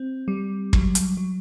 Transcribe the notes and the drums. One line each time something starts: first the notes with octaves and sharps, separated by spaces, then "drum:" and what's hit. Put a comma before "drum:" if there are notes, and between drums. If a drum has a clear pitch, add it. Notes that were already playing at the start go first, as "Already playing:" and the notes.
Already playing: C4
G3
F#3, drum: kick
drum: hi-hat
F#3